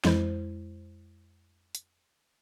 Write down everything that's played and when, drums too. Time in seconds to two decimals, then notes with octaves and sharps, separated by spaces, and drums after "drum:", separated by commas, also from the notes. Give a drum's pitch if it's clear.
0.05 F2 G#3 E4 C5, drum: snare
1.75 drum: hi-hat